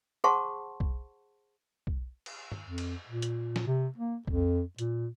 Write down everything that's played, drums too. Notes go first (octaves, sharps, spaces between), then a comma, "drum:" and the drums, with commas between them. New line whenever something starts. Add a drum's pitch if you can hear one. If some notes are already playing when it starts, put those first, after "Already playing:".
G#4 C5 F#5 A5 C6 C#6
drum: kick B1
drum: kick B1
drum: cymbal
drum: tom G2
F2
drum: cymbal
A#2
drum: hi-hat
drum: snare
C3
A#3
F2, drum: kick B1
A#2, drum: hi-hat